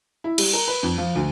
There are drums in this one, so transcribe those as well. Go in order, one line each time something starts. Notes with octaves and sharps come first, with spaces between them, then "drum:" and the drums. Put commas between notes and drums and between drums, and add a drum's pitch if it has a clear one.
E4
G3, drum: cymbal
A#4
B4
F2
F3
D2